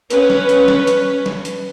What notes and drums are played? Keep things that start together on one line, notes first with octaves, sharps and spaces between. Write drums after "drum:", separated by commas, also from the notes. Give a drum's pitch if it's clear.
C#4 B4 C#5, drum: hi-hat
drum: snare
drum: hi-hat
drum: snare
drum: hi-hat
drum: snare
drum: hi-hat